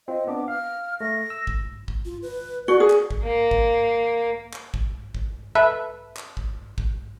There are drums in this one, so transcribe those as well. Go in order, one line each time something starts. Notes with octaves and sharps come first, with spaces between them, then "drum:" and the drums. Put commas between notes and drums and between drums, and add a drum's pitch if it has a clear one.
C4 F4 D#5
B3 D4 D6
F5 F6
A3 A#6
E6
drum: kick
drum: kick
F4
B4
F#4 D5
G#4
drum: clap
drum: kick
A#3
drum: kick
drum: clap
drum: kick
drum: kick
A4 B4 E5
drum: clap
drum: kick
drum: kick